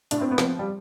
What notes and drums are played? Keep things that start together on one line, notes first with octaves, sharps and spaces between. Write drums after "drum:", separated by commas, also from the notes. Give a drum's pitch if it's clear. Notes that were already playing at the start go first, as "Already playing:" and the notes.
A2 D4, drum: hi-hat
C4
B3
F3 C4, drum: snare
G3